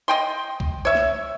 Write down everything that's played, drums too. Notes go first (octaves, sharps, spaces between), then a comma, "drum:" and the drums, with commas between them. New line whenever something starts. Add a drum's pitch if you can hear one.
D#5 G5 C6
drum: kick C2
C#5 E5
drum: snare